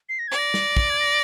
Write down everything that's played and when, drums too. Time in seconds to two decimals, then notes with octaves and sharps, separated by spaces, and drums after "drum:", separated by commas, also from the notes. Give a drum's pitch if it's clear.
0.09 C7
0.19 A#6
0.28 D5 G#6
0.38 A#6
0.54 drum: snare
0.77 drum: kick
0.90 G#6
1.00 A#6